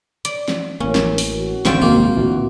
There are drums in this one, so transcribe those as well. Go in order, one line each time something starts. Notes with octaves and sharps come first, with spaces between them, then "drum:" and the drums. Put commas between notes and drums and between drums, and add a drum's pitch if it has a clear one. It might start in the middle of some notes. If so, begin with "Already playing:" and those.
D5, drum: hi-hat
drum: snare
A1 A#3 C#4 A#4
drum: snare
drum: open hi-hat
F#4
G#1 D3 C4 F4 G5 C#6, drum: snare
F1 D#2 G#3 A#3
D2 A#2 E3 F#4